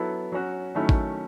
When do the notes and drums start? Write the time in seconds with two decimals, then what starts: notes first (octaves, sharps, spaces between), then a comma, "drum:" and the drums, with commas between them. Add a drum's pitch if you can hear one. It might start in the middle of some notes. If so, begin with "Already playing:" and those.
Already playing: F#3 B3 E4 A4
0.32 F#3 C#4 F#4
0.75 D#3 F#3 A3 C#4 E4
0.89 drum: kick